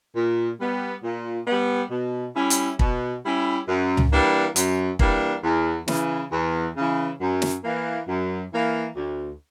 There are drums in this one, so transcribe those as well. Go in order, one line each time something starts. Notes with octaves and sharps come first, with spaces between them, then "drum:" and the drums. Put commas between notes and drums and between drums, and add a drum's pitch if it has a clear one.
A#2
G3 B3
A#2
G3 B3
B2
G3 C#4 E4
drum: hi-hat
B2, drum: kick
G3 C#4 E4
F#2
drum: tom C#2
E3 G3 A#3 D4
F#2, drum: hi-hat
E3 G3 A#3 D4, drum: kick
E2
C#3 E3, drum: snare
E2
C#3 E3
F#2
drum: snare
E3 A#3
F#2
E3 A#3
D2